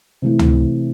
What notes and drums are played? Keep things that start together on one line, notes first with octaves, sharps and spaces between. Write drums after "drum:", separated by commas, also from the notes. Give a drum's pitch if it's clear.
C3 E3 A3 E4
drum: tom C#2